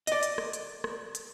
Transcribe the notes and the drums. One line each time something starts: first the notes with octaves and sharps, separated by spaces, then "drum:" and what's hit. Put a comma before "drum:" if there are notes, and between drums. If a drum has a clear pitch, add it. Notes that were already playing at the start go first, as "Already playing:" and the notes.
D5 D#5, drum: hi-hat
drum: hi-hat
drum: rim click
drum: hi-hat
drum: rim click
drum: hi-hat